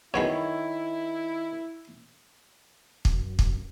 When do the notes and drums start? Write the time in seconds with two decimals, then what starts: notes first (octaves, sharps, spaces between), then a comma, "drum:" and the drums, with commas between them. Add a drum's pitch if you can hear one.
0.14 F#2 D#3 B3 E4 G#4 C#5
3.05 F#2, drum: kick
3.39 drum: kick